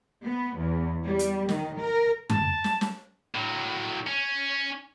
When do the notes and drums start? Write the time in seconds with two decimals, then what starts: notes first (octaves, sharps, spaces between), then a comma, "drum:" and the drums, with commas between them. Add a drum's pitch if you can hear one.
0.23 B3
0.57 E2
1.04 G3
1.19 drum: hi-hat
1.49 D#3, drum: snare
1.79 A#4
2.30 A5, drum: tom F#2
2.64 drum: snare
2.81 drum: snare
3.35 A2 F#3
4.07 C#4